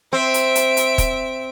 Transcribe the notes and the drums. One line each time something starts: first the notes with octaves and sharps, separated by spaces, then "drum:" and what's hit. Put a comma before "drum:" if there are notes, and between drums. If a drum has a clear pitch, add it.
C4 E5 D7
drum: hi-hat
drum: hi-hat
drum: hi-hat
drum: kick, hi-hat